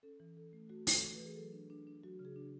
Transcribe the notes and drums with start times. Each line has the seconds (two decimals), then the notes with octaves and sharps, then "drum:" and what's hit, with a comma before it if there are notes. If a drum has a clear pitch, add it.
0.03 C#4 A4
0.20 E3
0.37 E3 A4
0.53 A3
0.69 A3 F#4
0.87 E3, drum: open hi-hat
0.93 A4
1.04 A3
1.15 B4
1.20 E3
1.26 G#4
1.36 F#3 A4
1.53 D4
1.70 D4
1.87 D4
2.03 F#3 F#4
2.19 C#3
2.25 G#4
2.36 D4